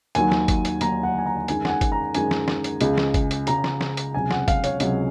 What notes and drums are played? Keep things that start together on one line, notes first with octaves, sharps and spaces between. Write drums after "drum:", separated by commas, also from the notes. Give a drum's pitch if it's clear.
D#2 D#3 F#3 G#5, drum: hi-hat
drum: snare
drum: kick G1, hi-hat
drum: hi-hat
D#2 D#3 F#3 A#5, drum: hi-hat
F#5
G#5
A#5
F#2 D#3 G#3 G#5, drum: hi-hat
F#5, drum: snare
G#5
drum: kick G1, hi-hat
A#5
F#2 D#3 G#3 G#5, drum: hi-hat
drum: snare
drum: snare
drum: hi-hat
C#2 C#3 G#3, drum: hi-hat
drum: snare
drum: kick G1, hi-hat
drum: hi-hat
C#2 C#3 G#3 A#5, drum: hi-hat
drum: snare
drum: snare
drum: hi-hat
C#2 C3 F#3 G#5
F#5, drum: snare
F5, drum: kick G1, hi-hat
C#5, drum: hi-hat
C#2 C3 F#3, drum: hi-hat